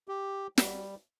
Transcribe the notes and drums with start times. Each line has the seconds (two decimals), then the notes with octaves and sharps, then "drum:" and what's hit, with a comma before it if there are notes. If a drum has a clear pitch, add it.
0.08 G4
0.58 G3, drum: snare